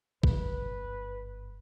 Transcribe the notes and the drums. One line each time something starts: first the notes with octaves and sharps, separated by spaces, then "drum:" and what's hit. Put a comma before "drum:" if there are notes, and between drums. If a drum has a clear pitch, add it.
G1 F#2 B4, drum: kick